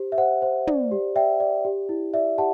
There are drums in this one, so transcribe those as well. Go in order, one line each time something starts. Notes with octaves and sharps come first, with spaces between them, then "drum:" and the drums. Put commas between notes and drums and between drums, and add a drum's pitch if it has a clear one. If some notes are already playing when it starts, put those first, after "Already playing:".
Already playing: G4 C5
E5
C5 F#5
C5
D5, drum: tom
G4
D5 E5 G5
D5
G4
E4
D5 E5
G4 F#5 A5